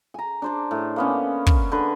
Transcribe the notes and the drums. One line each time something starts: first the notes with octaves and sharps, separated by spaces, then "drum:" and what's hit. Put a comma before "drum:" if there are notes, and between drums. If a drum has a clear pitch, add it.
G#5 A#5
D4 C5 D5
A2
A#3 B3 C#4
drum: kick
D3 B4